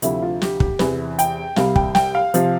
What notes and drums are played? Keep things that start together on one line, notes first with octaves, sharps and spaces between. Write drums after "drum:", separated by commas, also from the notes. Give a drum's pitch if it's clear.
D2 C3 F3 E4, drum: hi-hat
F4
G4, drum: snare
G4, drum: kick
E2 C3 E3 B4, drum: snare
G5, drum: hi-hat
C2 C3 G3 F5, drum: snare
G5, drum: kick
G5, drum: snare
F5
C3 F3, drum: hi-hat